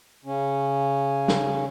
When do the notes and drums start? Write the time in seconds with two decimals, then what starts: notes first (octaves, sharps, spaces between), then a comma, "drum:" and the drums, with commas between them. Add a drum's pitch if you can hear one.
0.24 C#3 C#4
1.28 drum: snare